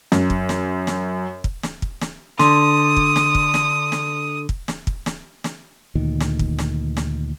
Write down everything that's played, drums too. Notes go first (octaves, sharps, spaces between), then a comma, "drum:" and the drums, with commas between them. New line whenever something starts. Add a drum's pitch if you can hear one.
F#2, drum: snare
drum: kick
drum: snare
drum: snare
drum: kick
drum: snare
drum: kick
drum: snare
D3 C6 D#6, drum: snare
drum: kick
drum: snare
drum: kick
drum: snare
drum: snare
drum: kick
drum: snare
drum: kick
drum: snare
drum: snare
D2 A#2 D#3
drum: snare
drum: kick
drum: snare
drum: snare